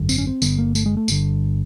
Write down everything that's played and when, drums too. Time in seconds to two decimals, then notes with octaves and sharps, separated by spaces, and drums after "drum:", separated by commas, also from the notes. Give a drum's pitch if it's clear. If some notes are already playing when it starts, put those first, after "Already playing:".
Already playing: G#1 F#2 D3
0.09 C4, drum: tambourine
0.18 C#4
0.27 C4
0.42 G1 G2 D3 B3, drum: tambourine
0.58 A#3
0.75 A3, drum: tambourine
0.86 G#3
0.97 A3
1.08 G1 G2 D3, drum: tambourine